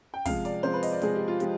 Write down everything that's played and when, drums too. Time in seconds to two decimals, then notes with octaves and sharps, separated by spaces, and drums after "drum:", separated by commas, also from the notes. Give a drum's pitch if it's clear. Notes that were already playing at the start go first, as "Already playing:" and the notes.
0.14 G5
0.25 C3 F3 G#3 F5, drum: kick, open hi-hat
0.45 D5, drum: hi-hat
0.63 C3 F3 G#3 C5
0.73 B4
0.83 D#5, drum: open hi-hat
0.92 D5
1.02 C3 F3 G#3 G#4, drum: hi-hat
1.15 G4
1.28 F4
1.40 F3 G#3 G4, drum: hi-hat